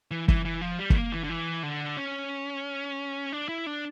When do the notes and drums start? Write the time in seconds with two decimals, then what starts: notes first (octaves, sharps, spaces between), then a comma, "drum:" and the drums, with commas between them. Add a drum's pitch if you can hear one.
0.11 E3
0.28 E3, drum: kick F#1
0.45 E3
0.61 F3
0.79 G3
0.90 A3, drum: kick F#1
0.96 A#3
1.12 E3
1.24 D3
1.29 E3
1.63 D3
1.97 C#4
3.32 D4
3.49 E4
3.66 D4